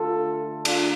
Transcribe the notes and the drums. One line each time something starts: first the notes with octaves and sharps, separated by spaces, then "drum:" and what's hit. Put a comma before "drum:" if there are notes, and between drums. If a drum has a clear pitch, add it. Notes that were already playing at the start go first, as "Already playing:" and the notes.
Already playing: D3 A3 F4 A4
D4 F4, drum: cymbal